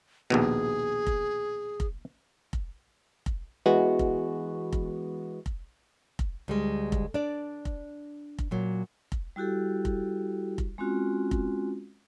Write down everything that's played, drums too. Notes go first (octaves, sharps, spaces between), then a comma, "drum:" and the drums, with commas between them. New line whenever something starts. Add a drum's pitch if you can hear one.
A#1 D#2 B2 G#4
drum: kick F1
drum: kick F1
drum: kick F1
drum: kick F1
E3 G#3 B3 F#4
drum: kick F1
drum: kick F1
drum: kick F1
drum: kick F1
D2 G3 G#3
drum: kick F1
D4 D5
drum: kick F1
drum: kick F1
A#2 F#3
drum: kick F1
G3 E4 F#4 G4 A4
drum: kick F1
drum: kick F1
G#3 C4 C#4 F4 F#4
drum: kick F1